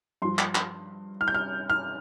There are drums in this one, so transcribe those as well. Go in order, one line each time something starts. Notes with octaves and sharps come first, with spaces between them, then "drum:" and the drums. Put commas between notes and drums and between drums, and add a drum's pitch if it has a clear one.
G2 F3 C6
drum: clap
drum: clap
F6
G6
F6
F6